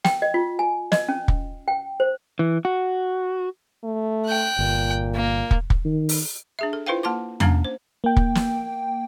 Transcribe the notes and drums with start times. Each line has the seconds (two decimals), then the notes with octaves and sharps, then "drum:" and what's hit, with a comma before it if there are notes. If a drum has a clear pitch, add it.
0.04 G5, drum: snare
0.22 D#5
0.34 F4
0.59 G#5
0.92 D#5, drum: snare
1.09 C#4
1.28 drum: kick
1.68 G5
2.00 C5
2.39 E3
2.65 F#4
3.84 A3
4.27 G5 F#6
4.59 G1 A#2
5.15 A#3
5.51 drum: kick
5.70 drum: kick
5.85 D#3
6.09 drum: open hi-hat
6.59 D4 G#4 E5
6.73 A4
6.86 E4 F4 B4 C5 F5 G5
7.03 A#3 A5 C6 D6
7.40 A#3 C#4 D4 F5 A#5, drum: tom E2
7.65 C5
8.04 A#3 G5
8.17 drum: kick
8.35 drum: snare